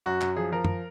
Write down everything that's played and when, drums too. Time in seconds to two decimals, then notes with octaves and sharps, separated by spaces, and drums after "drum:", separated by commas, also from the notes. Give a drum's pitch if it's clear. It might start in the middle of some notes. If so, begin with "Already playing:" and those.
0.06 F#2 F#4
0.21 F#2, drum: clap
0.36 F3 G#4
0.52 F3 A#4
0.65 drum: tom